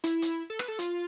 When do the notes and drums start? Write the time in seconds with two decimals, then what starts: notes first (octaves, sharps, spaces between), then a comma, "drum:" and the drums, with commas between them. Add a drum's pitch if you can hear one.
0.04 E4, drum: hi-hat
0.22 drum: hi-hat
0.50 A4
0.59 B4, drum: rim click
0.68 A4
0.79 F4, drum: hi-hat